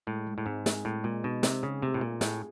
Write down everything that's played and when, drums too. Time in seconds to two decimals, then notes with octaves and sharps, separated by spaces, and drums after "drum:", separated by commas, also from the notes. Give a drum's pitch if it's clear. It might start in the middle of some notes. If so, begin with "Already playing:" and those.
0.07 A2 G#3
0.27 G#3
0.38 A2
0.46 G#2 C4
0.66 G#4, drum: snare
0.85 A2 G#3
1.04 A#2 G#3
1.24 B2 D#4
1.43 C3 C4, drum: snare
1.63 C#3 G#4
1.82 C3 A3
1.94 A2
2.01 A#2 F4
2.21 A2 G#4, drum: snare